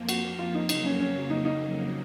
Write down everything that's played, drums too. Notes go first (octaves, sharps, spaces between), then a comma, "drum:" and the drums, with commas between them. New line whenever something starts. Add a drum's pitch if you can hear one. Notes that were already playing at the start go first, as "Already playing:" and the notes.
Already playing: F2 F3 A#3
F#4, drum: cymbal
F4
D#4
F2 C#3 F#3 A#3 D#4, drum: cymbal
C#4
C#4
D#4
D#4